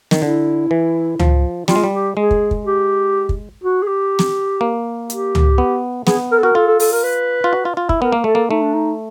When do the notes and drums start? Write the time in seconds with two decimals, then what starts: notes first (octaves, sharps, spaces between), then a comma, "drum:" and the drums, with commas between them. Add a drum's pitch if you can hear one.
0.11 D#3, drum: snare
0.22 D3 E4
0.71 E3
1.20 F3, drum: tom C#2
1.68 G3 F4, drum: snare
1.76 G#3
1.84 G3
1.93 G4
2.17 G#3 G#4
2.31 drum: kick
2.51 drum: kick
2.66 G4
3.29 drum: kick
3.64 F#4
3.83 G#4
3.88 G4
4.19 drum: snare
4.61 A#3
5.10 G4, drum: hi-hat
5.35 drum: tom C#2
5.58 B3
6.07 B3 G#4, drum: snare
6.31 A#4
6.38 A4
6.43 F#4 A#4
6.55 F4 A4
6.67 A4
6.80 A4, drum: open hi-hat
6.92 A#4
7.04 B4
7.44 F4
7.53 F#4
7.65 F4
7.77 F4
7.89 E4, drum: kick
8.01 B3 A#4
8.12 A#3
8.24 A3 A4
8.35 A#3
8.51 A3 D#4
8.62 D4
8.74 D#4